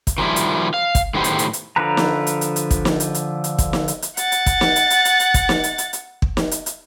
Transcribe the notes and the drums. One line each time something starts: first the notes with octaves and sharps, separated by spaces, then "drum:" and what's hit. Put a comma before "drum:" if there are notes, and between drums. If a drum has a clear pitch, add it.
drum: kick, hi-hat
D#3 F3 G3 E4
drum: hi-hat
F5
drum: kick, hi-hat
A2 D#3 F#3 B3 G4 C5
drum: hi-hat
drum: hi-hat
drum: hi-hat
D3 F3 B4 A#5
drum: snare
drum: hi-hat
drum: hi-hat
drum: hi-hat
drum: kick, hi-hat
drum: snare
drum: hi-hat
drum: hi-hat
drum: hi-hat
drum: kick, hi-hat
drum: snare
drum: hi-hat
drum: hi-hat
F#5 A6, drum: hi-hat
drum: hi-hat
drum: kick, hi-hat
drum: snare
drum: hi-hat
drum: hi-hat
drum: hi-hat
drum: hi-hat
drum: kick, hi-hat
drum: snare
drum: hi-hat
drum: hi-hat
drum: hi-hat
drum: kick
drum: snare
drum: hi-hat
drum: hi-hat